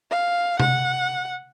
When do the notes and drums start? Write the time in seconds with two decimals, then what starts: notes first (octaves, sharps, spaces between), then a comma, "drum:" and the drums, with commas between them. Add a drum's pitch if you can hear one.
0.11 F5
0.60 F#5, drum: tom C3